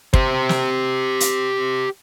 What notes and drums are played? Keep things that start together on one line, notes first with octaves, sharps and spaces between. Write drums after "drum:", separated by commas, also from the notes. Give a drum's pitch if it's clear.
G4 C5, drum: kick
drum: snare
drum: hi-hat